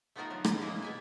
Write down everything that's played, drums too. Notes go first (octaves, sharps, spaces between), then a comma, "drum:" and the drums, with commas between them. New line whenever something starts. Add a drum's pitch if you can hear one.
A3 B3 D#4 F4 F#4 A#4
D3 F#3
drum: rim click
G#3 A#3 E4 G#4 D#5
B2 E5 G#5